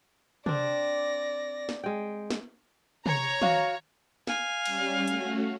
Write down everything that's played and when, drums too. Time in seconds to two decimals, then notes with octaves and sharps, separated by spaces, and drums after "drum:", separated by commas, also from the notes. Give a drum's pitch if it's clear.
0.46 C4 D4 D5 A#6, drum: tom
1.69 drum: snare
1.84 G#3 G5
2.30 drum: snare
3.06 C#5 A#5, drum: tom
3.42 F#4 F5, drum: tom
4.27 F5 G#5, drum: snare
4.66 G3 C#4, drum: cymbal
5.08 A3 C#4 F#4, drum: hi-hat